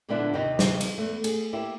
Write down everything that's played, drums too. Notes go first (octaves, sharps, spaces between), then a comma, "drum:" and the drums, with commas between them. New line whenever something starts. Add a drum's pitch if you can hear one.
A#2 D3 F3 B3 D4 E4
D#2 C3 D#4 D#5
drum: snare
drum: cymbal
E2 A3
G#4, drum: cymbal
A#3 E4 G4